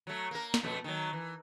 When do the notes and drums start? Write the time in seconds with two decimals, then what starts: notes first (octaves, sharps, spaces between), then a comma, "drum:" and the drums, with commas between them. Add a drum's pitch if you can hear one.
0.07 F#3 A3
0.31 A#3 A#4
0.54 drum: snare
0.63 F2 B2 A3
0.84 D#3 F#3
1.13 E3